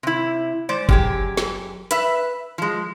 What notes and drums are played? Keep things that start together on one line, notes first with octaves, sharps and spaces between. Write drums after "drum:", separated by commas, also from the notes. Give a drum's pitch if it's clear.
C3 E4
G#3 C5 D5
F#2 G4 G#4, drum: kick F#1
drum: snare
B4 E5, drum: hi-hat
F3 G#3